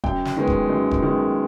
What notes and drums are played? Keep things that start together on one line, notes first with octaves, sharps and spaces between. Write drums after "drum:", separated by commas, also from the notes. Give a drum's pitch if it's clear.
F#2 G5, drum: kick E1
drum: snare
D#3 G#3 B3
drum: kick E1
F#2
drum: kick E1
D#3 G#3 B3